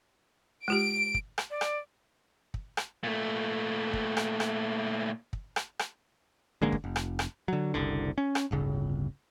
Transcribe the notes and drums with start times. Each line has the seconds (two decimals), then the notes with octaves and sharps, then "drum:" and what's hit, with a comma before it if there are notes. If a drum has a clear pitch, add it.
0.68 G#3 F4 G4 D7
1.14 drum: kick
1.38 drum: rim click
1.50 D5
1.61 drum: rim click
2.54 drum: kick
2.77 drum: rim click
3.04 A#2 A3
3.93 drum: kick
4.17 drum: rim click
4.40 drum: rim click
5.33 drum: kick
5.56 drum: rim click
5.79 drum: rim click
6.62 A1 D3 G#3 A#3
6.72 drum: kick
6.84 F1
6.96 drum: rim click
7.19 drum: rim click
7.48 D3 F#3
7.74 F#1 C2 D3
8.18 C#4
8.35 drum: rim click
8.51 D1 G1 C#3